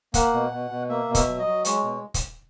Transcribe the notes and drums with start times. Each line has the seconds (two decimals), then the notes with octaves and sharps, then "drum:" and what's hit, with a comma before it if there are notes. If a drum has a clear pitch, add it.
0.14 A#3 F#5, drum: kick, hi-hat
0.33 B2
0.52 B2
0.70 B2
0.89 A#3 E5
1.08 B2
1.15 E5, drum: kick, hi-hat
1.27 F#3
1.39 D#5
1.45 F#3
1.65 G#3 C#5, drum: hi-hat
1.83 B2
2.14 drum: kick, hi-hat